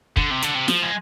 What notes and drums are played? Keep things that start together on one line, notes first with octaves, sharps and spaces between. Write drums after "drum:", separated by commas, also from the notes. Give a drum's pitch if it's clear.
D3, drum: kick
C3
D3, drum: hi-hat
C3
F3, drum: snare
G#3